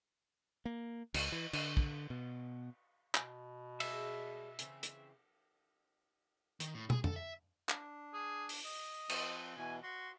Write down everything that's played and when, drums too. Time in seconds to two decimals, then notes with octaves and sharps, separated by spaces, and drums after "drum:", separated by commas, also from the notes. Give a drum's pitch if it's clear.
0.65 A#3
1.14 C#2, drum: cymbal
1.32 E3
1.53 D3, drum: cymbal
1.77 drum: kick
2.10 B2
3.15 B2, drum: clap
3.80 G3 G#3 G#4 E5, drum: cymbal
4.59 C#3 E3 C4, drum: hi-hat
4.83 drum: hi-hat
6.60 D#3, drum: hi-hat
6.74 A2
6.90 G#4, drum: tom
7.04 A4, drum: tom
7.16 E5
7.69 D4, drum: clap
8.13 G#4
8.49 drum: open hi-hat
8.65 D#5
9.09 F3 C4, drum: cymbal
9.57 B2 E3 G#5
9.83 F#4 C6